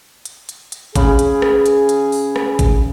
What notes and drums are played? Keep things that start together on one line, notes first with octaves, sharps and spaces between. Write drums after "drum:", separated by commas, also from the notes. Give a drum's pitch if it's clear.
drum: hi-hat
drum: hi-hat
drum: hi-hat
C#3 G#4 B5, drum: kick G#1, hi-hat
drum: hi-hat
drum: rim click
drum: hi-hat
drum: hi-hat
drum: open hi-hat
drum: rim click
drum: kick G#1, hi-hat